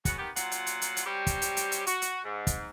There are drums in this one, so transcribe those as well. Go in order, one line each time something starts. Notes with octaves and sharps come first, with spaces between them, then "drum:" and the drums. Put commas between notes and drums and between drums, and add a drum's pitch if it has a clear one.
C#3 B3 F#4, drum: kick, hi-hat
D#3 B3 G4
A#2 F#3 F4 F#5, drum: hi-hat
drum: hi-hat
drum: hi-hat
drum: hi-hat
drum: hi-hat
F#3 G3 C4 C#4 G4
drum: kick, hi-hat
drum: hi-hat
drum: hi-hat
drum: hi-hat
F#4, drum: hi-hat
drum: hi-hat
G#2
drum: kick, hi-hat